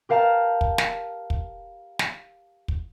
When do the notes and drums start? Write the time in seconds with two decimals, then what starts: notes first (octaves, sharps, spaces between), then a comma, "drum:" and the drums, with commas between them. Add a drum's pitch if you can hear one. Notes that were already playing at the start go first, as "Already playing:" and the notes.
0.09 G4 A#4 F5 A5 A#5
0.61 drum: kick
0.78 drum: snare
1.30 drum: kick
1.99 drum: snare
2.68 drum: kick